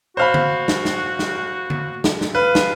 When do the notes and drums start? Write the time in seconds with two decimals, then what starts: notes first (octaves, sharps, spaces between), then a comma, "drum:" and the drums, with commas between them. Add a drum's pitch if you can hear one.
0.17 F#4 C5 F5 B5
0.34 drum: tom D3
0.68 drum: snare
0.85 drum: snare
1.19 drum: snare
1.70 drum: tom D3
2.04 drum: snare
2.21 drum: snare
2.35 B4 F5
2.55 drum: snare